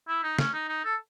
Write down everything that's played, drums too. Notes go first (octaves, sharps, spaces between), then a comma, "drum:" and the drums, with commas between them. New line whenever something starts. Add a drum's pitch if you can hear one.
E4
D#4
C#4, drum: snare
D#4
D#4
A4